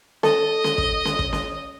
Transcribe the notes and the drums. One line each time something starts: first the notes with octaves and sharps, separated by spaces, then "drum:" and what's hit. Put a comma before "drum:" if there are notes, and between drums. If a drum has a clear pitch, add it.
A4 D#5, drum: snare C#4
drum: snare C#4
drum: kick
drum: snare C#4
drum: kick
drum: snare C#4